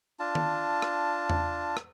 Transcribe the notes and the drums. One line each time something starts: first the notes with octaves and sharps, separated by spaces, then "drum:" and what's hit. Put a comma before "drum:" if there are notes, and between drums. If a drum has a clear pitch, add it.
D4 F4 A5
drum: tom
drum: rim click
drum: tom E2
drum: rim click